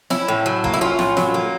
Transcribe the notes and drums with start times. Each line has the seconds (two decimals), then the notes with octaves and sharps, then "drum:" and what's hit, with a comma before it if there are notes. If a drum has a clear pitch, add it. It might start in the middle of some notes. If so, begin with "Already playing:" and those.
0.10 C#4 E4, drum: snare
0.28 A2
0.46 F#3
0.64 A#3, drum: kick
0.74 E4
0.81 C#4 F4
0.99 A2, drum: snare
1.17 F#3, drum: snare
1.34 A#3